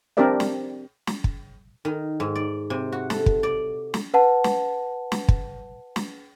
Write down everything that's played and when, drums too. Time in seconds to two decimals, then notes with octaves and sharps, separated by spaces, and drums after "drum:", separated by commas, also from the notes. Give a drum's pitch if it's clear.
0.17 C4 D4 G4 A#4 D5 E5
0.40 drum: snare
1.07 drum: snare
1.24 drum: kick
1.85 D#3
2.20 G#2
2.35 D5
2.70 C3
2.92 F#4
3.10 A4, drum: snare
3.26 drum: kick
3.43 D5
3.94 drum: snare
4.14 B4 F#5 A5
4.44 drum: snare
5.12 drum: snare
5.28 drum: kick
5.96 drum: snare